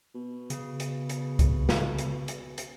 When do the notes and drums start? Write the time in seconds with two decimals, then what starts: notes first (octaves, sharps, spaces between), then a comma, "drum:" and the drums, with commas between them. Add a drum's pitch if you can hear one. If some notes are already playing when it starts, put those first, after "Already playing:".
0.15 B2
0.50 C#3, drum: hi-hat
0.80 drum: hi-hat
1.09 drum: hi-hat
1.39 drum: kick C2, hi-hat
1.69 drum: snare
1.98 drum: hi-hat
2.28 drum: hi-hat
2.58 drum: hi-hat